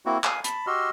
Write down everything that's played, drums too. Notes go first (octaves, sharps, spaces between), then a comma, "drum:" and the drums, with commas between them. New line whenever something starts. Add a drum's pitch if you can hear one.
A#3 C4 E4 F#4
F5 G#5 D#6, drum: clap
A5 B5, drum: hi-hat
F#4 G4 D#5 C6 E6 F6